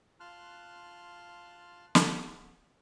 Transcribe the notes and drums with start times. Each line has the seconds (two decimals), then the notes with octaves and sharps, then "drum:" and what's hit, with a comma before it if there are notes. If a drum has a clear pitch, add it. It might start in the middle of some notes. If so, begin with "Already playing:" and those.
0.20 F4 A5 C6 F6 F#6
1.95 drum: snare